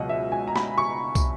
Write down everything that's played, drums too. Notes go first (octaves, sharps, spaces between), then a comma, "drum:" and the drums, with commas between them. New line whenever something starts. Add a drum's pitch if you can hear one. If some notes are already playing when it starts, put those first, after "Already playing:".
Already playing: C#2 B2 F#3 D#5 F#5
E5
G#5
A#5
B5, drum: snare
C#6
drum: kick, tambourine